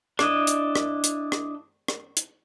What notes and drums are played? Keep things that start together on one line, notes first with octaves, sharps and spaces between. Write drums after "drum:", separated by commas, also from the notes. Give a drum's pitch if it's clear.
D4 E4 D#5, drum: rim click
drum: hi-hat
drum: rim click
drum: hi-hat
drum: rim click
drum: rim click
drum: hi-hat